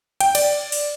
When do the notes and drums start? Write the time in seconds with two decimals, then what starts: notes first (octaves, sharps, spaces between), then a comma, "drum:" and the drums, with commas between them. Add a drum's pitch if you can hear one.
0.20 G5, drum: hi-hat
0.35 D5, drum: cymbal
0.72 drum: open hi-hat